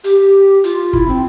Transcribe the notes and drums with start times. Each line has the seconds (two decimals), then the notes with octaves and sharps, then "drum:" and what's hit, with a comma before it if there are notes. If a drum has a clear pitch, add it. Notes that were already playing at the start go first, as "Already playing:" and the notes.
0.04 G4, drum: hi-hat
0.64 F4, drum: hi-hat
0.93 E4, drum: kick
1.08 C4